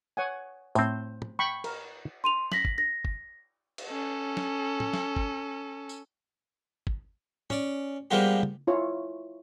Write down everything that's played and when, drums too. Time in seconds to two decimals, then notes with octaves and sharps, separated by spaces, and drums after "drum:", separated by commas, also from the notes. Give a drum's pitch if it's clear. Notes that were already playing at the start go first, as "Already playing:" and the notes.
0.17 C#5 F#5 G#5
0.75 A2 C4 C5, drum: tambourine
1.22 drum: tom
1.39 G5 B5 C#6
1.64 A#4, drum: cymbal
2.24 C6 D#7 F7
2.52 A#6 B6 F#7, drum: snare
2.65 drum: kick
2.78 A#6
3.05 drum: kick
3.78 drum: cymbal
3.89 C#4 A4
4.37 drum: snare
4.80 drum: tom
4.93 drum: snare
5.16 drum: kick
5.89 drum: tambourine
6.87 drum: kick
7.50 C#4 D5, drum: tom
8.11 F3 G3 G#3 A#3 B3 G4
8.43 drum: tom
8.67 E4 F4 C#5